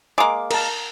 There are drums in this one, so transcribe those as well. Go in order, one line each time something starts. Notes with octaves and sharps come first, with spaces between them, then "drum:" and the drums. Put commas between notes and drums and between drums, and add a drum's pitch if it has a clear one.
G#3 A#3 D6
A#4 A5, drum: cymbal